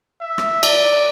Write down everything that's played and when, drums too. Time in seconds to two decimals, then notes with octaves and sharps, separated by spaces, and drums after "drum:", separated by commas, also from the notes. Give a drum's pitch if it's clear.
0.21 E5
0.38 drum: rim click
0.63 D5, drum: cymbal